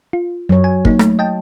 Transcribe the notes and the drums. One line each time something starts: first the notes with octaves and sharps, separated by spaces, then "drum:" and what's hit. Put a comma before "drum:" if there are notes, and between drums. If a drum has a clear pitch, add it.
F4
F#2 F#3 C#5
G#5
A#3 D#4, drum: kick
A3, drum: rim click
D#5 G5 A5